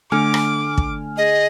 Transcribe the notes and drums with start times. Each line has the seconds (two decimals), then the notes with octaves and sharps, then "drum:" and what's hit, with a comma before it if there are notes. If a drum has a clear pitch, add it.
0.12 D3 A3 G#5 D6 F6
0.34 drum: rim click
0.78 drum: kick
1.17 G#4 D#5